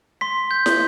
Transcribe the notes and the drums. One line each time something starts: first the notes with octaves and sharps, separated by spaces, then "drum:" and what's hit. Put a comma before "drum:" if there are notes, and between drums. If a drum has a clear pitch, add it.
C6 B6
G6
C6, drum: snare
G6